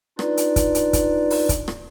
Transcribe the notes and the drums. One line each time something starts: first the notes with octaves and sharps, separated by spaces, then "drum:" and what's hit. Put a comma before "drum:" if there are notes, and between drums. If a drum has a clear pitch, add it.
D4 D#4 F4 B4 D5, drum: rim click
drum: hi-hat
drum: kick, hi-hat
drum: hi-hat
drum: kick, hi-hat
drum: open hi-hat
drum: kick, hi-hat
drum: rim click